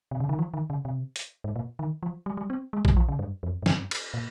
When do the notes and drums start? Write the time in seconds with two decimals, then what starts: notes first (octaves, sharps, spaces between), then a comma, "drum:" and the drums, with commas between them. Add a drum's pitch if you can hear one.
0.11 C3
0.20 C#3
0.29 D#3
0.39 F3
0.54 D#3
0.70 C#3
0.85 C3
1.16 drum: hi-hat
1.44 G#2
1.56 A#2
1.79 D#3
2.03 F3
2.26 G3
2.37 G3
2.50 C4
2.73 G#3
2.85 G3, drum: kick A#1
2.97 F3
3.08 C#3
3.19 G2
3.43 F2
3.62 G#2
3.66 G2, drum: snare
3.91 drum: cymbal
4.14 A#2